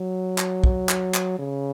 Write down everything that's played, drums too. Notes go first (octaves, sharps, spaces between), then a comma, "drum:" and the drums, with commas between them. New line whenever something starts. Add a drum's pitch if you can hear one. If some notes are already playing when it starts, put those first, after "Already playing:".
Already playing: F#3
drum: clap
drum: kick
drum: clap
drum: clap
C#3